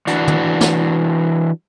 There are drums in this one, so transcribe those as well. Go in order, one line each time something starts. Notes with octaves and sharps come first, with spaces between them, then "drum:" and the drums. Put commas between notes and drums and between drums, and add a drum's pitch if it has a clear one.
E3 D4 F#4, drum: hi-hat
drum: tom
drum: snare